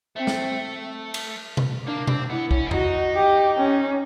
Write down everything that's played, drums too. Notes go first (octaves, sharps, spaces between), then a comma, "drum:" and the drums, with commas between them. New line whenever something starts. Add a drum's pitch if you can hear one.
A3 C4
drum: snare
drum: cymbal
drum: tom B2
A#3 D4
C4, drum: tom B2
B3 E4
C#4, drum: kick
E4
D#4 F#4, drum: tom E2
G4
C#4